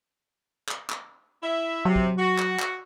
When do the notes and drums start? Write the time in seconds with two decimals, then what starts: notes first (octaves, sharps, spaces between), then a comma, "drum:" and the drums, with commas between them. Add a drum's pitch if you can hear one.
0.69 drum: clap
0.90 drum: clap
1.42 E4 E5
1.85 C3 F#3
1.96 drum: kick
2.17 F#4
2.38 drum: clap
2.59 drum: clap